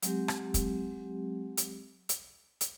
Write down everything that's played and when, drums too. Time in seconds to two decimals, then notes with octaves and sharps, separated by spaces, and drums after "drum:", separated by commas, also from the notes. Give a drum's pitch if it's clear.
0.02 F#3 G#3 C4 G4, drum: hi-hat
0.28 drum: rim click
0.54 drum: kick, hi-hat
1.57 drum: hi-hat
2.09 drum: hi-hat
2.61 drum: hi-hat